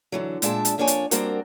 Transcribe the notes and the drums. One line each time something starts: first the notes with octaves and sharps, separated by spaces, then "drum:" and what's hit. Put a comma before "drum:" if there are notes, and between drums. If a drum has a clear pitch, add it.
D3 E3 F#3
A#2 G#3 D4 E5 A5, drum: hi-hat
drum: hi-hat
F2 A#3 D4 C#5 D5 G#5
drum: hi-hat
G3 A#3 C4 D4 F#4 A#4, drum: hi-hat